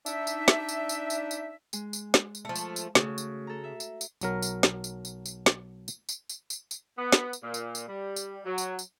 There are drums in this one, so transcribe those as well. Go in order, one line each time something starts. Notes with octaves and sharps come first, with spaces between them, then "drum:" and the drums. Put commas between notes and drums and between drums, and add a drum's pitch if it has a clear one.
D4 D#4 E5, drum: tambourine
drum: tambourine
drum: snare
drum: tambourine
drum: tambourine
drum: tambourine
drum: tambourine
G#3, drum: tambourine
drum: tambourine
drum: snare
drum: tambourine
F3 A3
drum: tambourine
drum: tambourine
C#3 A3 F#4, drum: snare
drum: tambourine
A4 A#5
E5
drum: tambourine
drum: tambourine
B1 F#3 A#4, drum: tambourine
drum: tambourine
drum: snare
drum: tambourine
drum: tambourine
drum: tambourine
drum: snare
drum: tambourine
drum: tambourine
drum: tambourine
drum: tambourine
drum: tambourine
B3
drum: snare
drum: tambourine
A#2
drum: tambourine
drum: tambourine
G3
drum: tambourine
F#3
drum: tambourine
drum: tambourine